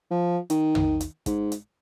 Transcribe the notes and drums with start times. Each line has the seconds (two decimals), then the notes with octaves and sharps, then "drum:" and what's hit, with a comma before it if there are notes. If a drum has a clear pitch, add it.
0.11 F3
0.50 D#3, drum: hi-hat
0.75 drum: tom
1.01 drum: hi-hat
1.26 G#2, drum: kick, hi-hat
1.52 drum: hi-hat